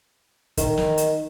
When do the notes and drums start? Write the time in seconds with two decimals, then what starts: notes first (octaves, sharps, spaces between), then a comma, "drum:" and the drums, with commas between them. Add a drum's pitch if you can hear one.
0.57 D#3, drum: kick, hi-hat
0.77 drum: snare
0.97 drum: hi-hat